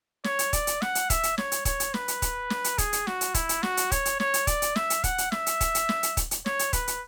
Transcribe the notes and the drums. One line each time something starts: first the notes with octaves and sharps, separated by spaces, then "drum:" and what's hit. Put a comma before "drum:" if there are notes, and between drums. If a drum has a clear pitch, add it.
C#5, drum: snare
drum: hi-hat
D5, drum: kick, hi-hat
drum: hi-hat
F#5, drum: snare
drum: hi-hat
E5, drum: kick, hi-hat
drum: hi-hat
C#5, drum: snare
drum: hi-hat
C#5, drum: kick, hi-hat
drum: hi-hat
B4, drum: snare
drum: hi-hat
drum: kick, hi-hat
drum: snare
drum: hi-hat
G#4, drum: kick, hi-hat
drum: hi-hat
F#4, drum: snare
drum: hi-hat
E4, drum: kick, hi-hat
drum: hi-hat
F#4, drum: snare
drum: hi-hat
C#5, drum: kick, hi-hat
drum: hi-hat
C#5, drum: snare
drum: hi-hat
D5, drum: kick, hi-hat
drum: hi-hat
E5, drum: snare
drum: hi-hat
F#5, drum: kick, hi-hat
drum: hi-hat
E5, drum: snare
drum: hi-hat
drum: kick, hi-hat
drum: hi-hat
drum: snare
drum: hi-hat
drum: kick, hi-hat
drum: hi-hat
C#5, drum: snare
drum: hi-hat
B4, drum: kick, hi-hat
drum: hi-hat